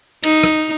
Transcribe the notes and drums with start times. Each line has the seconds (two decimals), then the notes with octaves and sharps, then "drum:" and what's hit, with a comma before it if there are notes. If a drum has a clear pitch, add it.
0.23 D#4, drum: cymbal
0.43 drum: rim click